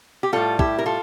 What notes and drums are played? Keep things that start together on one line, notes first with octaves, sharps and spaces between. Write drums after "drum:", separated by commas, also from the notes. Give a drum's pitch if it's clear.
G4
A2 G3 F4 A4
E4 G4, drum: kick
A#4
F4 A4